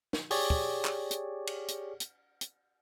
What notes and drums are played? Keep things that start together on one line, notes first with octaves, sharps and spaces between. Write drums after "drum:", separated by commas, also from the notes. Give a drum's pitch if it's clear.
drum: snare
G4 G#4 C#5 D5, drum: open hi-hat
drum: kick
drum: clap
drum: hi-hat
drum: cymbal
drum: hi-hat
drum: hi-hat
drum: hi-hat